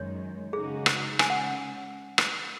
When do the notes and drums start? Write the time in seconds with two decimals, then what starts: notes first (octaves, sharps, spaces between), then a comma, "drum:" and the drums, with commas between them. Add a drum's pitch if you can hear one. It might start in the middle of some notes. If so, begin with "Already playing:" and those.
Already playing: F#2 D#3 G#3 C#5
0.53 C#3 G#3 D#4 F#4 G#4
0.86 drum: rim click
1.19 C#3 G#3 C#4 G#5, drum: rim click
1.30 F#5
2.18 drum: rim click